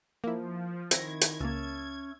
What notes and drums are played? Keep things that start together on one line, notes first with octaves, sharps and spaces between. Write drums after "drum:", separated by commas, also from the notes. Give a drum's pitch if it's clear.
F3 A#3 E4
D#3 C4 E4 G#6 A#6, drum: hi-hat
drum: hi-hat
C#2 A#3 C#4 E5 A5